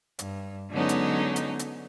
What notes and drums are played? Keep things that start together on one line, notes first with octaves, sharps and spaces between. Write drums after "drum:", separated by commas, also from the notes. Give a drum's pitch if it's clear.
G2, drum: hi-hat
D3 F#3 G#3 B3 C#4 D#4
drum: hi-hat
drum: hi-hat
drum: hi-hat